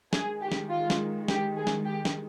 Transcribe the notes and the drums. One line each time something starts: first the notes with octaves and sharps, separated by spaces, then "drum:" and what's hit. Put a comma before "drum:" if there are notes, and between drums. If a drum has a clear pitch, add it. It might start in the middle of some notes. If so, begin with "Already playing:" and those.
D#3 G#3 G#4, drum: snare
G4
drum: snare
F4
drum: snare
G4, drum: snare
G#4
drum: snare
G4
drum: snare